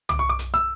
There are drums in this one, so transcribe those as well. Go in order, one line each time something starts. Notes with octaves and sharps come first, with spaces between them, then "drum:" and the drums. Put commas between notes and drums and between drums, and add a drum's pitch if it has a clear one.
D6, drum: tom
C#6
D6
drum: hi-hat
E6